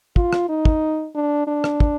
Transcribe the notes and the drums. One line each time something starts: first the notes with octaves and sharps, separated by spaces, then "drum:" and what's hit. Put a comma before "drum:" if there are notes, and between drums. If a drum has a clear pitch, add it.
F4, drum: kick
drum: rim click
D#4
drum: kick
D4
D4
drum: rim click
drum: kick